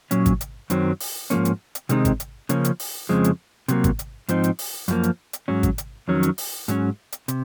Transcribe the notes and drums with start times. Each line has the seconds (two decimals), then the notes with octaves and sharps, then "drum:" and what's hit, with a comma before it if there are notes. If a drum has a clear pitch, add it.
0.11 A#2 F#3 C#4, drum: hi-hat
0.26 drum: kick G#1, hi-hat
0.41 drum: hi-hat
0.70 F#2 D#3 F#3 C4, drum: hi-hat
1.00 drum: open hi-hat
1.30 G#2 F3 A#3 C#4, drum: hi-hat
1.45 drum: hi-hat
1.75 drum: hi-hat
1.89 C3 D#3 G#3 C4 D#4, drum: hi-hat
2.05 drum: kick G#1, hi-hat
2.20 drum: hi-hat
2.49 C#3 F3 A#3 C#4, drum: hi-hat
2.65 drum: hi-hat
2.79 drum: open hi-hat
3.09 F2 C#3 F3 G#3 C4
3.24 drum: hi-hat
3.68 C3 F#3 A#3, drum: hi-hat
3.84 drum: kick G#1, hi-hat
3.99 drum: hi-hat
4.29 G#2 F3 C4 D#4, drum: hi-hat
4.44 drum: hi-hat
4.59 drum: open hi-hat
4.88 F#2 F3 A#3, drum: hi-hat
5.03 drum: hi-hat
5.33 drum: hi-hat
5.48 G#2 F#3 C#4
5.63 drum: kick G#1, hi-hat
5.78 drum: hi-hat
6.08 F2 D#3 F#3 C#4
6.23 drum: hi-hat
6.38 drum: open hi-hat
6.68 G#2 F#3 C#4, drum: hi-hat
7.12 drum: hi-hat
7.28 C3, drum: hi-hat